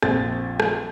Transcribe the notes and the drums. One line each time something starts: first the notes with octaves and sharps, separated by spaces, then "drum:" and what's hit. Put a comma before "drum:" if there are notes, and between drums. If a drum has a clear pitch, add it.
A#1 F2 C4 A6, drum: rim click
drum: rim click